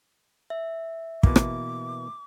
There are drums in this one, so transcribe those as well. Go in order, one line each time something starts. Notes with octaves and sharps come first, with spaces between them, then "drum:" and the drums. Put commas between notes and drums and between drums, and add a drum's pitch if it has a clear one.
E5
B2 E3 A#3 D6, drum: kick
drum: rim click